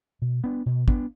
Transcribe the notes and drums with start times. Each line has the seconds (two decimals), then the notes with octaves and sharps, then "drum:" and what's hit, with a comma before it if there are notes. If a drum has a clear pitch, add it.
0.22 B2
0.44 B3 D4
0.66 B2
0.88 B3 D4, drum: kick